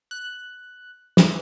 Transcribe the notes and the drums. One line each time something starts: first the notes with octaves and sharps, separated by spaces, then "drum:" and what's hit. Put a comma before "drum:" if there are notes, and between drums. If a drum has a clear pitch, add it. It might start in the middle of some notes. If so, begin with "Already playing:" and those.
F#6
E3, drum: snare